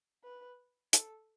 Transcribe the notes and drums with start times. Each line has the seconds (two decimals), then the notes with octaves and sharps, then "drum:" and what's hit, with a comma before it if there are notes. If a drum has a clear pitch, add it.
0.24 B4
0.93 A4, drum: hi-hat